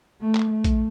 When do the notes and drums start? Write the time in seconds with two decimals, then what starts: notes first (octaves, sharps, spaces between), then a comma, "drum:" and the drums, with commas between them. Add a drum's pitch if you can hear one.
0.21 A3
0.35 drum: clap
0.50 A3
0.64 drum: kick A#1, hi-hat